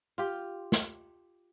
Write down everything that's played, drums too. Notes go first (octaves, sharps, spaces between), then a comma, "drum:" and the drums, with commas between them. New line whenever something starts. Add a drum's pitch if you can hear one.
F4 G4
drum: snare